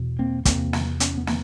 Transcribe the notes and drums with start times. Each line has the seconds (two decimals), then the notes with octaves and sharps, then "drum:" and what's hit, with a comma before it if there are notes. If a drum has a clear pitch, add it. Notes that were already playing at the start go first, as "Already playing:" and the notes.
Already playing: E2 B2
0.19 A#3 C4
0.45 E2 C3 A#3 C4, drum: kick, hi-hat
0.73 drum: snare
1.00 B3 C#4, drum: hi-hat
1.18 B3
1.27 A#3 C4, drum: snare